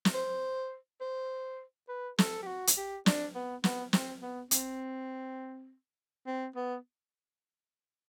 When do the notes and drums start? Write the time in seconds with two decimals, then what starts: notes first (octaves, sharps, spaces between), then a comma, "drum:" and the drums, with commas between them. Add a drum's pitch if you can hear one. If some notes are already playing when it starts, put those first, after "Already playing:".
0.05 drum: snare
0.14 C5
1.01 C5
1.89 B4
2.18 A4, drum: snare
2.43 G4
2.47 F#4
2.67 drum: hi-hat
2.77 G4
3.06 D4, drum: snare
3.35 B3
3.64 B3, drum: snare
3.93 C4, drum: snare
4.22 B3
4.51 C4, drum: hi-hat
6.26 C4
6.56 B3